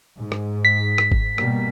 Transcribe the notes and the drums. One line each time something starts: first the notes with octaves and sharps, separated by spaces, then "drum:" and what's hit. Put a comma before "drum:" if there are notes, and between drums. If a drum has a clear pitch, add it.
G#2
drum: rim click
B6
drum: rim click
drum: kick G1
B2 G3 A#3, drum: rim click